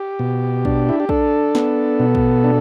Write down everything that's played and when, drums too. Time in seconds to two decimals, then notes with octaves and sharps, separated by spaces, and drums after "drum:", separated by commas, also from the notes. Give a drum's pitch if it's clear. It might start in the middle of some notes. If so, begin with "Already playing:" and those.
Already playing: G4
0.19 B2
0.65 D4, drum: kick
0.89 E4
1.00 G4
1.09 D4 A4, drum: kick
1.55 B3, drum: snare
1.99 B2
2.15 drum: kick
2.44 D4